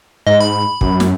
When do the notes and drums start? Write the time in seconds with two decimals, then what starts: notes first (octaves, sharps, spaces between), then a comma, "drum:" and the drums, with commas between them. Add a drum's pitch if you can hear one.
0.27 G#2 D#5
0.40 B5
0.81 F#2, drum: kick
1.00 drum: snare